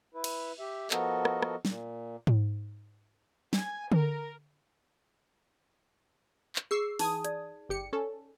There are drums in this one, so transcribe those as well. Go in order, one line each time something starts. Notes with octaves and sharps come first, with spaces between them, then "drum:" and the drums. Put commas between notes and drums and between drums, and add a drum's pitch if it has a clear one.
E4 B4
drum: cymbal
G4 E5
F3 B3 F#4 A4 A#4 D#5, drum: clap
drum: rim click
drum: rim click
A#2, drum: snare
drum: tom G#2
G#5, drum: snare
A#4, drum: tom D3
drum: clap
G#4 C#6 E6 C7
E3 D#4 G#5 D#6, drum: open hi-hat
D5, drum: hi-hat
G1 G4 C#7
C#4 A4